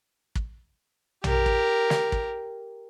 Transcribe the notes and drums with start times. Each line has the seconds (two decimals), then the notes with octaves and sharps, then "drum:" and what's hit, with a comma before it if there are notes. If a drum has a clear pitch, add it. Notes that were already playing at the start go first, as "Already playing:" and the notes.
0.35 drum: kick
1.24 G4 A#4, drum: tom A#1
1.46 drum: kick
1.90 drum: snare
2.12 drum: kick